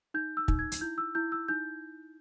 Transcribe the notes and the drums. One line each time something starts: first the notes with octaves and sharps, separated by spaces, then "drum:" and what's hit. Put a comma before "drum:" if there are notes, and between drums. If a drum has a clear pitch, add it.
D#4 G6
E6
D#4, drum: kick
G#6
drum: hi-hat
E4 G6
E6
E4 G6
E6
D#4 G6